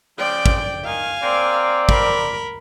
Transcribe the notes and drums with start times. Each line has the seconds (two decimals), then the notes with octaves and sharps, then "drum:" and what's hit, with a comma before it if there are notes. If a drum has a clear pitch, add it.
0.18 C#3 F3 D5 G5
0.46 drum: kick
0.84 D#3 F5 G#5
1.23 A#3 C4 D5
1.89 A#4 B5, drum: kick